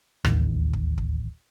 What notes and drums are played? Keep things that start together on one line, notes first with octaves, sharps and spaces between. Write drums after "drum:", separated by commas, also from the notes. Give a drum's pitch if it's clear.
D1 A1 D#2, drum: rim click
drum: kick
drum: kick